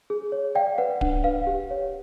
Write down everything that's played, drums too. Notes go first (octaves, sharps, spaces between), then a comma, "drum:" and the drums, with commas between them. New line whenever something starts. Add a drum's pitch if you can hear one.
G#4
C#5
D5 F5 G5
B4 F#5
D4 F#5, drum: kick D1
B4 F5
G4
C#5